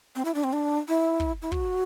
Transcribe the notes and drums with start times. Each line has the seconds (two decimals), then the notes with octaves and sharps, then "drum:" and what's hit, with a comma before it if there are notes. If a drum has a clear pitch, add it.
0.16 C4
0.25 E4
0.35 D4
0.44 C4
0.53 D4
0.88 E4
1.20 drum: kick
1.42 E4
1.52 F#4, drum: kick